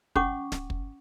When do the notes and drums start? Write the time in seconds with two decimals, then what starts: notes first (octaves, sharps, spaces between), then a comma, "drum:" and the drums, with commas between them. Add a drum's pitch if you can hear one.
0.16 C#4 F#5 C#6 D6, drum: kick
0.52 drum: snare
0.70 drum: kick